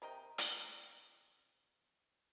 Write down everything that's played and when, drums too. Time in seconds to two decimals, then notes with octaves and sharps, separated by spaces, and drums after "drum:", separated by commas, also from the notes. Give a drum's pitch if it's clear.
0.02 C3 A#4 D#5 G5
0.38 drum: hi-hat